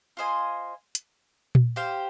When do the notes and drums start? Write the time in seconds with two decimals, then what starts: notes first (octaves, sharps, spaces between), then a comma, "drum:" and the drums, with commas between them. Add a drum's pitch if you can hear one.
0.17 F4 C5 D#5 G#5
0.95 drum: hi-hat
1.55 drum: tom A#2
1.76 G4 C5 F5